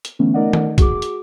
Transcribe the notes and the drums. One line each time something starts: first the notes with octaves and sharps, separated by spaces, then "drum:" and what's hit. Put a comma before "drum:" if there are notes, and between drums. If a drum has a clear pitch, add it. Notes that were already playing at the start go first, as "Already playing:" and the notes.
drum: hi-hat
D3 E3 A3 B3 C#4
A3 D#4 A#4 D5 D#5 F#5
drum: tom D#3
F#4 G#4 D6, drum: kick, hi-hat
drum: hi-hat